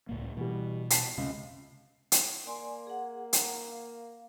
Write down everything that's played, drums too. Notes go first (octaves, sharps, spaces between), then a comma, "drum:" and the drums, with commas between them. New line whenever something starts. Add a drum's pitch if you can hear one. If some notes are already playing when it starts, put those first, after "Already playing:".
C#2 A2 A#3
B2 E3 G3
A5 B6 C7, drum: hi-hat
C#2 C3
drum: hi-hat
A#3 D5 G#5 C6
G#4 F#5
F#5 A#5, drum: hi-hat
F5